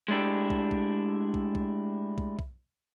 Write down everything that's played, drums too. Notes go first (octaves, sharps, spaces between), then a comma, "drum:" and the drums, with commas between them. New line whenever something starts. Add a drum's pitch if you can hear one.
G#3 A3 D4 E4 G4
drum: kick
drum: kick
drum: kick
drum: kick
drum: kick
drum: kick